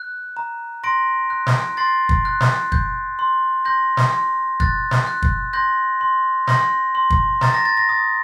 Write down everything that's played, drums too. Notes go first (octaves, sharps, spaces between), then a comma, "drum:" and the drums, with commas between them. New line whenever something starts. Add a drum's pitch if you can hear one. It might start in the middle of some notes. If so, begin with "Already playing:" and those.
Already playing: F#6
A#5
C6 A#6 D7
F#6
drum: snare
C6 A6 C7
drum: kick
F#6
drum: snare
G6, drum: kick
C6
C6 G6 A#6
drum: snare
C6
F#6 A6, drum: kick
drum: snare
F#6
drum: kick
C6 G6 A#6
C6
C6 G6 A#6, drum: snare
C6
drum: kick
A#5 A6, drum: snare
A#6
A6
A#6
D#6 A6